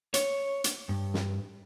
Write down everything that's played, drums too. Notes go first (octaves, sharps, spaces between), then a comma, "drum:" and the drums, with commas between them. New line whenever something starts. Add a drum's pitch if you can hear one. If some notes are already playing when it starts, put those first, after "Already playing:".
C#5, drum: hi-hat
drum: hi-hat
G2
drum: snare